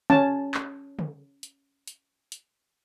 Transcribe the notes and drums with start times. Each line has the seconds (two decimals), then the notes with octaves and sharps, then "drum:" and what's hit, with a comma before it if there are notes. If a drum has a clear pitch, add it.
0.10 C#4 A5, drum: tom C#3
0.54 drum: clap
0.99 drum: tom C#3
1.43 drum: hi-hat
1.87 drum: hi-hat
2.32 drum: hi-hat